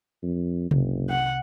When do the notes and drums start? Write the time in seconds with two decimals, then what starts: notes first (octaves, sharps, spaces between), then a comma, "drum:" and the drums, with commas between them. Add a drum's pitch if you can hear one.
0.23 F2
0.71 F#1 C2 C3, drum: tom C3
1.10 F#5